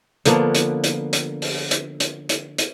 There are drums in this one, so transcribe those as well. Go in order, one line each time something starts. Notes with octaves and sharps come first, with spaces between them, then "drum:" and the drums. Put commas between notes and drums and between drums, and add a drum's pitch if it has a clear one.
D3 F3 A#3 B3, drum: hi-hat
drum: hi-hat
drum: hi-hat
drum: hi-hat
drum: open hi-hat
drum: hi-hat
drum: hi-hat
drum: hi-hat
drum: hi-hat